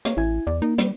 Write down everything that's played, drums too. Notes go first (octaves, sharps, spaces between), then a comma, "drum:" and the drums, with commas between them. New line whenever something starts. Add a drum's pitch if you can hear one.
A#3 C#5, drum: hi-hat
A1 E4 G#5
E2 D5
A#3 D#4
G3, drum: hi-hat